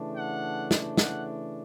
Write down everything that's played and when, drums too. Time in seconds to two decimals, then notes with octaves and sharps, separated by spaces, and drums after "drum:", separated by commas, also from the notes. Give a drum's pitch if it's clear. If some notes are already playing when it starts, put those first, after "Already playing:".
Already playing: C#3 E3 A3 D4
0.17 F#5
0.71 drum: snare
0.97 F#5, drum: snare